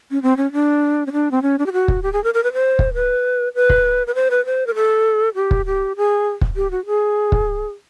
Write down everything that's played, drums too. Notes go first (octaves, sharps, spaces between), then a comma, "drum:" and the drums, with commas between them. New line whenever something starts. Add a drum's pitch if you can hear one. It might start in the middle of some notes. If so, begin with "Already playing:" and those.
C#4
C4
C#4
D4
C#4
D4
C4
C#4
D4
G4
F#4
drum: kick
G4
G#4
A#4
A#4
B4
C5
drum: kick
B4
B4
drum: kick
B4
C5
B4
C5
A#4
A4
G4
drum: kick
G4
G#4
drum: kick
G4
F#4
G#4
drum: kick